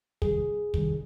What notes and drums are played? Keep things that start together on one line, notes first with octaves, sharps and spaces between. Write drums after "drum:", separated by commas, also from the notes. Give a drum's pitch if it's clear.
C3 D#3 G3 G#4, drum: kick
C3 D#3 G3, drum: kick